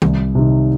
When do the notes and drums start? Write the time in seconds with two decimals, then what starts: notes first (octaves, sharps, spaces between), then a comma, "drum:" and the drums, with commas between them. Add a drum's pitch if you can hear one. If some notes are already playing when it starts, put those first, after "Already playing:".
0.02 C2, drum: tom D#3
0.35 C3 D#3